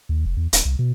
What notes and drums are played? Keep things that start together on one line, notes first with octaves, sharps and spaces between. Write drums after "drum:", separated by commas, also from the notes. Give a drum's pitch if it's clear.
D#2
F1
E2
D1, drum: hi-hat
C2
B2